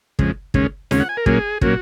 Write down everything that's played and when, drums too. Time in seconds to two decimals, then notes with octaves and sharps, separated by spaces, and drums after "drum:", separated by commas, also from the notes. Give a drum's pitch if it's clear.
0.19 F2 C#3 G#3, drum: kick
0.54 D#2 C#3 G#3 C#4, drum: kick
0.91 D#2 C#3 G#3 C#4, drum: snare
1.00 F#5
1.09 G#5
1.17 A#4
1.26 A#2 F#3 A#3 C#4 G#4, drum: kick
1.61 A#2 F#3 A#3 C#4 F#4, drum: kick